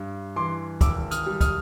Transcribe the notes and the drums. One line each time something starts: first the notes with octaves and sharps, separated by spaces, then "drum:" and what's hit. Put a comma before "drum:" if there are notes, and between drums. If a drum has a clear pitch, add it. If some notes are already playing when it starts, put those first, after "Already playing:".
Already playing: G2
E3 C6 D6
G#1 D6 E6, drum: kick, hi-hat
D#6 F6, drum: hi-hat
G3
D#6 F6, drum: kick, hi-hat